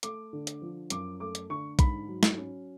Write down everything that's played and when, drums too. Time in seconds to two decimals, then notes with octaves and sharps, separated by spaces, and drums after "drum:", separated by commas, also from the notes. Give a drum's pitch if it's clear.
0.03 A3 D6, drum: hi-hat
0.33 D3
0.47 drum: hi-hat
0.62 F3
0.90 F#2 D6, drum: hi-hat
1.20 A3 D6
1.35 drum: hi-hat
1.50 D3 C#6
1.79 G#2 B5, drum: kick B1, hi-hat
2.08 F#3
2.23 drum: snare
2.37 C#4